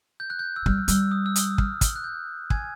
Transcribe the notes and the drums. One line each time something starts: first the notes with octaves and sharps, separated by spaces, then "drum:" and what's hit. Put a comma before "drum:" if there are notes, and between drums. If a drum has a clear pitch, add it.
G6
F#6
G6
E6
G3 F6, drum: kick
G3 E6, drum: hi-hat
D#6
E6
D#6, drum: hi-hat
F6, drum: kick
drum: kick, hi-hat
F#6
G6
G#5 G#6, drum: kick